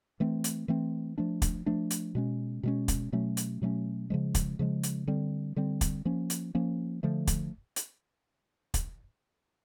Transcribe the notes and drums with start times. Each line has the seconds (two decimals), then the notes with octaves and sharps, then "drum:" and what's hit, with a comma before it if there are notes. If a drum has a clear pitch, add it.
0.20 E3 A3 C4
0.44 drum: hi-hat
0.68 E3 A3 C4
1.18 F3 A3 D4
1.42 drum: kick, hi-hat
1.66 F3 A3 D4
1.90 drum: hi-hat
2.15 B2 G#3 C#4
2.63 B2 G#3 C#4
2.88 drum: kick, hi-hat
3.12 B2 F#3 A3 C#4
3.37 drum: hi-hat
3.62 B2 F#3 A3 C#4
4.10 C#3 F3 G#3
4.35 drum: kick, hi-hat
4.59 C#3 F3 G#3
4.83 drum: hi-hat
5.07 D3 G3 C4
5.56 D3 G3 C4
5.81 drum: kick, hi-hat
6.05 F3 A#3 C#4
6.30 drum: hi-hat
6.55 F3 A#3 C#4
7.03 D3 F3 A3
7.27 drum: kick, hi-hat
7.76 drum: hi-hat
8.74 drum: kick, hi-hat